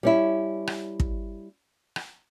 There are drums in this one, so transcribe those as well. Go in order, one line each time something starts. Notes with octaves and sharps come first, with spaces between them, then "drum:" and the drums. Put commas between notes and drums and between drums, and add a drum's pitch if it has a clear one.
G3 C#4 E4
drum: rim click
drum: kick
drum: rim click